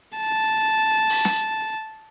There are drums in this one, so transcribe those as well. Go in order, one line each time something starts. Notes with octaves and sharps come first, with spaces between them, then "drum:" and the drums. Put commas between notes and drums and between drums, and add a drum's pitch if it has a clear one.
A5
drum: open hi-hat
drum: snare